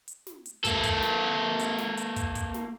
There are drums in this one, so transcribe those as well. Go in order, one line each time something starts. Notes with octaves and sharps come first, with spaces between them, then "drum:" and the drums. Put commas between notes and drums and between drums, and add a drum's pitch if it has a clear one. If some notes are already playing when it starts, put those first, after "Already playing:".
drum: hi-hat
drum: snare
drum: hi-hat
A#3 A4, drum: kick, hi-hat
drum: kick, hi-hat
drum: snare
drum: hi-hat
drum: snare
drum: hi-hat
drum: kick, hi-hat
drum: kick, hi-hat
drum: snare